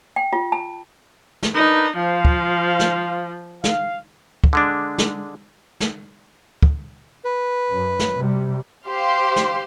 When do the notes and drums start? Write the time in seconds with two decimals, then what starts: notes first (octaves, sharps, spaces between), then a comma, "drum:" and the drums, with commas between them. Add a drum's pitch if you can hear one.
0.16 G5
0.33 F4
0.52 A5
1.43 drum: snare
1.55 D4 D#4 A#4 B4
1.97 F3 C5 F5
2.25 drum: kick
2.79 drum: snare
3.64 F5, drum: snare
4.44 drum: kick
4.53 D3 G#3 D4
4.98 drum: snare
5.80 drum: snare
6.62 drum: kick
7.24 B4
7.71 F#2
7.99 drum: snare
8.15 C3 G3
8.88 G4 C5 F5 C6
9.36 drum: snare